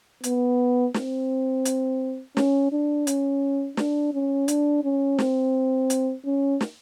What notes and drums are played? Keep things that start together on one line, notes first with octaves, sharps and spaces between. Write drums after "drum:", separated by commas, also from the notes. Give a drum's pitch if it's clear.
B3, drum: hi-hat
C4, drum: snare
drum: hi-hat
C#4, drum: snare
D4
C#4, drum: hi-hat
D4, drum: snare
C#4
D4, drum: hi-hat
C#4
C4, drum: snare
drum: hi-hat
C#4
drum: snare